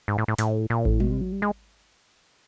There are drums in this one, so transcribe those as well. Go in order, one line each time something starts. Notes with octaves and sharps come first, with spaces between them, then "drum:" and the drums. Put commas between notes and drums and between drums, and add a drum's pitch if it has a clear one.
G#2
A2
A2
A2, drum: hi-hat
A#2
A2, drum: kick A1
B2, drum: tom G3
C3
F#3
G3
G#3